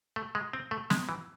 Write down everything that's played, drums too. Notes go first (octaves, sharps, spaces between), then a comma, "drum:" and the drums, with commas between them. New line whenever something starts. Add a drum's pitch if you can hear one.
A3
G#3
C4
A3
G#3, drum: snare
E3